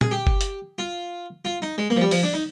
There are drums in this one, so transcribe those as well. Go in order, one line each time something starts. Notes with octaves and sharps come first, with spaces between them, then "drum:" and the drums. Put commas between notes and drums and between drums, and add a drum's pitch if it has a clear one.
G#4, drum: tom
G4
drum: kick F#1
drum: hi-hat
F4
F4
D#4
G#3
A#3
F3
G3
F3, drum: open hi-hat
D4
D#4